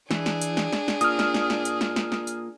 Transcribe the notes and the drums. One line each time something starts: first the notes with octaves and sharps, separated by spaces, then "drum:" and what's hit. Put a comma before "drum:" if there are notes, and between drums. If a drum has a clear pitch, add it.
E3 D4 G#4, drum: snare
drum: snare
drum: hi-hat
drum: snare
drum: snare
drum: snare
A#3 F4 D#6 F6, drum: hi-hat
drum: snare
drum: snare
drum: snare
drum: hi-hat
drum: snare
drum: snare
drum: snare
drum: hi-hat